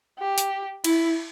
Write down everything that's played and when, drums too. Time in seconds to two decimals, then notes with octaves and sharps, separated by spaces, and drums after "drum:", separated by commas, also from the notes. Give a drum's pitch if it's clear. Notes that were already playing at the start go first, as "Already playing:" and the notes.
0.19 G4
0.38 drum: hi-hat
0.84 E4, drum: cymbal